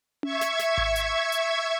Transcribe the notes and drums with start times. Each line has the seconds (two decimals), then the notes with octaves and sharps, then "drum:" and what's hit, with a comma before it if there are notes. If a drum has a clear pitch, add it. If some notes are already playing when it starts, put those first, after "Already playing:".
0.23 E5 C#6 G#6, drum: tom C#4
0.41 drum: snare
0.59 drum: snare
0.78 drum: kick G#1
0.96 drum: hi-hat
1.32 drum: hi-hat